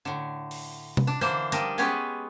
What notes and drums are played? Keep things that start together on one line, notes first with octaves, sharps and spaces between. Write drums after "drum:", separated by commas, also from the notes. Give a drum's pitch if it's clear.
A2 D3
drum: open hi-hat
drum: tom C3
D4
D3 E3 A#3 D4 C5
F3 G3 D4 A#4 D#5, drum: hi-hat
G#3 B3 C#4 G4 G#4 B4